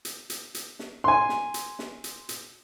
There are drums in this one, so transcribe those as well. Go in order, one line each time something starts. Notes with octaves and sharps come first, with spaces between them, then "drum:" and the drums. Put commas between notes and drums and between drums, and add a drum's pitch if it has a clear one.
drum: hi-hat
drum: hi-hat
drum: hi-hat
drum: snare
G#5 C6
drum: snare
drum: hi-hat
drum: snare
drum: hi-hat
drum: hi-hat